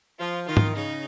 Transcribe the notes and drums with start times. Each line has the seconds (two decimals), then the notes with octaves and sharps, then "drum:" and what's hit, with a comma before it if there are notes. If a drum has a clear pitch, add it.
0.19 F3 F4
0.47 D#3 F4
0.57 drum: tom G#2
0.75 C#3 D#4